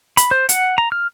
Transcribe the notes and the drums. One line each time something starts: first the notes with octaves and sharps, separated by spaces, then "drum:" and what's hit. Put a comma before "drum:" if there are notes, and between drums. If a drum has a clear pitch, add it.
B5, drum: hi-hat
C5
F#5, drum: hi-hat
A#5
F6